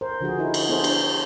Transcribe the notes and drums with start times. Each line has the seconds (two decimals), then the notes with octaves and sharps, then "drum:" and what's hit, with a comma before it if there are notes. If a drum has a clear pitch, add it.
0.01 A#4 C5
0.21 D3 F3 F#4 G#4
0.38 D#4 E4 A#4
0.54 drum: cymbal
0.69 B3 D4 E4 G#4 A4 C5
0.84 drum: cymbal